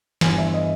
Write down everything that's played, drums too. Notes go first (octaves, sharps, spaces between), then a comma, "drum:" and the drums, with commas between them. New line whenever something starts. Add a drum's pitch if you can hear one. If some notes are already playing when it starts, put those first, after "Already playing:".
G1 G2 E3 G#5, drum: snare
E5
D#5